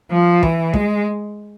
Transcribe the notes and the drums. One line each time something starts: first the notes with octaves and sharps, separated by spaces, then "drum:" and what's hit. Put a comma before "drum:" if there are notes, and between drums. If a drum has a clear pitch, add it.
F3
E3, drum: kick
G#3, drum: kick